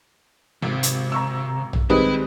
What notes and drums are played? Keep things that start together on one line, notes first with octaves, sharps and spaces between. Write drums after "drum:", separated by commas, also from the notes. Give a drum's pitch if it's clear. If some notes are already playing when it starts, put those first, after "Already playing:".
G#1 C3
drum: hi-hat
A#5 C#6 E6
drum: tom A#1
D#3 G3 G#3 C4 E4 B4 B5 D#6